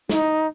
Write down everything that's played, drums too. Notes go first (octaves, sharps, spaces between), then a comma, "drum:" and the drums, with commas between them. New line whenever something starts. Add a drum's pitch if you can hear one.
D#4, drum: snare